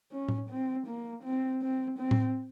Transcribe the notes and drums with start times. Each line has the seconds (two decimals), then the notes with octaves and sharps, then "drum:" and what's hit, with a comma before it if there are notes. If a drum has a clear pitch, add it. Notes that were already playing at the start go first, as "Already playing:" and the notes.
0.12 C#4
0.28 drum: tom A2
0.50 C4
0.87 A#3
1.24 C4
1.62 C4
1.98 C4
2.11 drum: tom A2